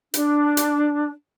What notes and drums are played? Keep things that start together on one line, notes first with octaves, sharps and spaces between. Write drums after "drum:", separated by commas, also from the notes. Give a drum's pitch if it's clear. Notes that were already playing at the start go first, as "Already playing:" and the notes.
D4, drum: hi-hat
drum: hi-hat